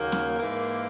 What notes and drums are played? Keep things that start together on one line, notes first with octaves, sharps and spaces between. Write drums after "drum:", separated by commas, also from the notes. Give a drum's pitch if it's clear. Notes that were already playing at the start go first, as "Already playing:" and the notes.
Already playing: D#2 C#3 F#3 A#3
drum: snare
G#2 E3 A#3